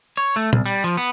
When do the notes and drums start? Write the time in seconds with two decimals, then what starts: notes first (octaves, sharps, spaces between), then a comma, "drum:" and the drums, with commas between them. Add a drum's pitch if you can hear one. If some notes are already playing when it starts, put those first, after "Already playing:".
0.17 C#5
0.36 A3
0.53 C2, drum: tom A#2
0.66 G3
0.84 F3
0.97 B3